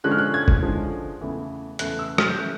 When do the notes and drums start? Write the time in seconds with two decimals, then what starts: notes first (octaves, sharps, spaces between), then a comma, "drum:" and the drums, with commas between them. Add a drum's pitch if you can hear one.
0.04 D3 F3 G#3 C#4 F#6
0.11 F6
0.18 F#6
0.34 G#6
0.48 drum: kick G1
0.62 D3 F3 G#3 C#4
1.21 E2 C#3 E3 A3
1.79 E2 C#3 E3 A3 F#6, drum: hi-hat
1.99 E6
2.18 F6, drum: rim click
2.29 G6
2.38 E3 A3 C#4 F#6